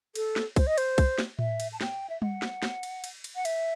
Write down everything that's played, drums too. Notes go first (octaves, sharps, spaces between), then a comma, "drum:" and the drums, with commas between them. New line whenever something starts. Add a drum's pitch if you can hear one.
A4, drum: cymbal
drum: snare
C5, drum: kick C2, cymbal
D#5
C5, drum: cymbal
drum: kick C2, cymbal
drum: snare
E5, drum: tom A2
drum: cymbal
A5
G5, drum: snare
E5
F#5, drum: tom G3
drum: snare
drum: snare
drum: cymbal
drum: cymbal
drum: cymbal
F#5
E5, drum: cymbal